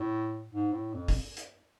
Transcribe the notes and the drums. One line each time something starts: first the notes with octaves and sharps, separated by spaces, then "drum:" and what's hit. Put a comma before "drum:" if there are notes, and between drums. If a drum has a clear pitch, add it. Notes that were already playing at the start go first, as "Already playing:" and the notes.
Already playing: A2
G#2
A2
F2
drum: kick, open hi-hat
drum: hi-hat